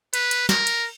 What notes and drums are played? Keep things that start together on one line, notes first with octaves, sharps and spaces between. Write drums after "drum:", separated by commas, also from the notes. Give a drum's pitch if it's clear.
B4, drum: cymbal
drum: cymbal
A#4, drum: snare
drum: cymbal